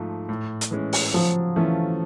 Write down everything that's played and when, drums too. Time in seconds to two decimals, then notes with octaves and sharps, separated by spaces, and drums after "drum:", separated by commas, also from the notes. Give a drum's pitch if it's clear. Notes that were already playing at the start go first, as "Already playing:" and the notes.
Already playing: G#2 F3 A3
0.29 A2
0.61 drum: hi-hat
0.71 E3 G#3 C#4
0.93 drum: open hi-hat
1.13 F3 F#3
1.56 E3 A3 C#4 F4